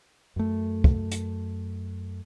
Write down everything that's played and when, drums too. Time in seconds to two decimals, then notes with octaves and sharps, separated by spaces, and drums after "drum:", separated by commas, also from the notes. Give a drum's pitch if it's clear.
0.36 F#2 A3
0.84 drum: kick
1.12 drum: hi-hat